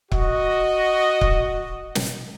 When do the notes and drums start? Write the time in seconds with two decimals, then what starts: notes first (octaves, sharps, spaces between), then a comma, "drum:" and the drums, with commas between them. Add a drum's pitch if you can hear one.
0.12 F#4 D#5, drum: kick C#1
1.21 drum: kick C#1
1.95 drum: snare